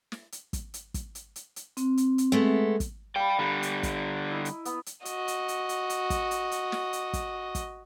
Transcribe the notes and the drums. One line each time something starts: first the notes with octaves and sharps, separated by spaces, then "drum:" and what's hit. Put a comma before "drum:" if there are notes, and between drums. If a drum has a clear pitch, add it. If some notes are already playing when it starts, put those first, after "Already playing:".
drum: snare
drum: hi-hat
drum: kick, hi-hat
drum: hi-hat
drum: kick, hi-hat
drum: hi-hat
drum: hi-hat
drum: hi-hat
C4, drum: hi-hat
drum: hi-hat
drum: hi-hat
G#3 A3 B3
drum: kick, hi-hat
D5 F5 G5 B5
D3 G3 A#4
drum: hi-hat
drum: kick, hi-hat
E4 D#5
drum: hi-hat
B3, drum: hi-hat
drum: hi-hat
F#4 D#5, drum: hi-hat
drum: hi-hat
drum: hi-hat
drum: hi-hat
drum: hi-hat
drum: kick, hi-hat
drum: hi-hat
drum: hi-hat
drum: snare
drum: hi-hat
drum: kick, hi-hat
drum: kick, hi-hat